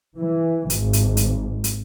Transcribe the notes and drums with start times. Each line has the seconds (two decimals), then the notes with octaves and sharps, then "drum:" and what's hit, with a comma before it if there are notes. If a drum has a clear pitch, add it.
0.16 E3
0.70 G#1, drum: hi-hat
0.93 drum: hi-hat
1.17 drum: hi-hat
1.64 drum: hi-hat